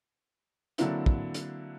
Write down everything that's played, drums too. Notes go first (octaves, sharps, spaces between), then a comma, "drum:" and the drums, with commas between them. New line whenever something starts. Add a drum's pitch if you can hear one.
D3 F#3 A#3 C4 D4 E4, drum: hi-hat
drum: kick
drum: hi-hat